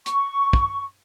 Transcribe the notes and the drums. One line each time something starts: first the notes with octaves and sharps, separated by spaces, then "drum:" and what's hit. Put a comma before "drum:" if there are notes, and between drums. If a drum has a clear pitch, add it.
C#6, drum: hi-hat
drum: kick